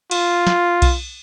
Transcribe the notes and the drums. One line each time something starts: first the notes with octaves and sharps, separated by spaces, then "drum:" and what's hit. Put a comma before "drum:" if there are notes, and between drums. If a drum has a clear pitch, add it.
F4, drum: cymbal
drum: snare
drum: kick B1, cymbal